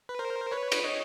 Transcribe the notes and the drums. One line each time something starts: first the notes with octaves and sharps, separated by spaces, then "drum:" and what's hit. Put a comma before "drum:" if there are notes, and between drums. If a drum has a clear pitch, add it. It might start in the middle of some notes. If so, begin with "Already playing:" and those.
B4
A#4 C5
B4 C#5
drum: cymbal
C#5 D#5